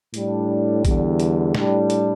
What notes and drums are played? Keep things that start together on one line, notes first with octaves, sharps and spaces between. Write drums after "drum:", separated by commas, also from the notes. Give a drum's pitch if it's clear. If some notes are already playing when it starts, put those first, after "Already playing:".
A2 G3 D4, drum: hi-hat
E2 D3 G3, drum: kick, hi-hat
drum: hi-hat
A2 G3 D4, drum: snare
drum: hi-hat